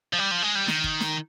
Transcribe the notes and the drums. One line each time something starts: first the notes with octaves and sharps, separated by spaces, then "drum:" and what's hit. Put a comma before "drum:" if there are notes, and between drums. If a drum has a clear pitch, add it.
F3
G3
F3
G#3
G3
D#3, drum: snare
drum: kick
drum: snare